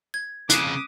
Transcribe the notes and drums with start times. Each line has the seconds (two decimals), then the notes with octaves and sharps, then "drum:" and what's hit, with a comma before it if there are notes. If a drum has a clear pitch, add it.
0.14 G#6
0.50 F2 C#3 D6 D#6 F#6 C7 E7, drum: hi-hat